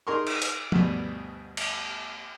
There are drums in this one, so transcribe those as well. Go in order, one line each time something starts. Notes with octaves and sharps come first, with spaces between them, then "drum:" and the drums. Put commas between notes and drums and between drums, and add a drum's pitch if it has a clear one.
D#4 G#4 A#4 C6 C#6
drum: cymbal
drum: hi-hat
D2 G2 B2, drum: tom
drum: cymbal